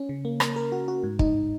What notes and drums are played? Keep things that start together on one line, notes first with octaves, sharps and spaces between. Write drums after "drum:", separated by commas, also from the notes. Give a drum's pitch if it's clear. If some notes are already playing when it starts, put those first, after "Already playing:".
Already playing: C#4
C#3
A#3
A#4, drum: rim click
A#4
F#4
F#4
G#2
D#4, drum: kick